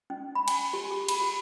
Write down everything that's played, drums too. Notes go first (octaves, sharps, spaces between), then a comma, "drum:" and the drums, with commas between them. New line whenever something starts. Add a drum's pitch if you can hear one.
C#4
B5
G#5, drum: cymbal
G4
G#4
B5, drum: cymbal
G4